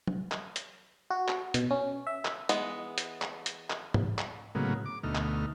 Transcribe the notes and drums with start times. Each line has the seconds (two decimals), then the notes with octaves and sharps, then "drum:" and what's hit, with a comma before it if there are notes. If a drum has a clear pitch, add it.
0.07 drum: tom
0.32 drum: clap
0.56 drum: hi-hat
1.10 F#4
1.28 drum: clap
1.54 B2, drum: hi-hat
1.71 C#4
2.07 E5
2.25 drum: clap
2.49 E3 G#3 B3, drum: hi-hat
2.98 drum: hi-hat
3.22 drum: clap
3.46 drum: hi-hat
3.70 drum: clap
3.94 drum: tom G#2
4.19 drum: clap
4.55 A2 C#3 F#3 G#3 A#3 B3
4.86 D6
5.03 D2 B2 A3 D#4 F6
5.15 drum: clap